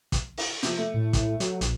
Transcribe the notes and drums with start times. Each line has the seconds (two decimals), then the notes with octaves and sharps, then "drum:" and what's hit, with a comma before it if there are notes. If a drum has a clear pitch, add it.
0.12 drum: kick, hi-hat
0.37 drum: open hi-hat
0.63 C3 F3, drum: hi-hat
0.77 A3
0.94 A2
1.13 drum: kick, hi-hat
1.40 F#3, drum: hi-hat
1.61 A#1, drum: hi-hat